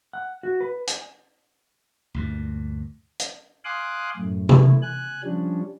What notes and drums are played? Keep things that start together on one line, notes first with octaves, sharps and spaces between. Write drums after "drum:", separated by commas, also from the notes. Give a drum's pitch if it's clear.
F#5
F#4
B4
G#5, drum: hi-hat
D2 G2 A#2
drum: hi-hat
F5 G#5 C6 D6 D#6 F#6
F#2 A2
A3 E4, drum: tom C3
G#5 F#6
F3 G3 C#4 D4